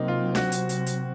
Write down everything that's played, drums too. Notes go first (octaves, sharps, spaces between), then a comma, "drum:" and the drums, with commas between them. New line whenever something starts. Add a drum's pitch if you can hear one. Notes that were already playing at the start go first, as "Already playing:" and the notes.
Already playing: C3 F#3 A#3 C4 D#4
F4
F#4, drum: snare D4
drum: hi-hat
drum: hi-hat
drum: hi-hat